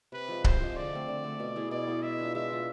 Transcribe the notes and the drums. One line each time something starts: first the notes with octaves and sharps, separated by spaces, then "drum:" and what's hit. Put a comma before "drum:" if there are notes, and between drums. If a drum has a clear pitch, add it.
C3 B4
F3 G#3
C3 C5, drum: kick C#1
F3 G#3
D3 D5
A3 C4
D3
A3 C4
B2
B3 E4 G#4
B2 D5
B3 E4 G#4
G#3 E5
D4 F4
G#3 E5
D4 F4